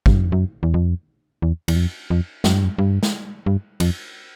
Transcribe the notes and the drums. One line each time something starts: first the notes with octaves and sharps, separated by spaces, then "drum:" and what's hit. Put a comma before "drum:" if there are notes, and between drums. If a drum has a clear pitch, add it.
G2, drum: kick
F#2
F2
F#2
E2
F2
E2
E2, drum: cymbal
F2
F2
F#2, drum: snare
G2
F#2
G2
drum: snare
G2
F2, drum: cymbal